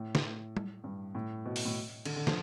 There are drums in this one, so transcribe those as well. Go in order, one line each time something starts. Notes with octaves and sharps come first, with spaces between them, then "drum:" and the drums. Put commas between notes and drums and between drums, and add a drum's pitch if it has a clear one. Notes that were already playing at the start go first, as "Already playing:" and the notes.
Already playing: A2
drum: snare
drum: tom G3
G2
A2
B2
drum: open hi-hat
A2
D3, drum: cymbal
D3
F3, drum: snare